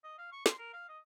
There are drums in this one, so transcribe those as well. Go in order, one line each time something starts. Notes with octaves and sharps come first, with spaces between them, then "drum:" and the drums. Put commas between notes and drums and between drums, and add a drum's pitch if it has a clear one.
D#5
F5
C#6
C6, drum: snare
A#4
F5
D#5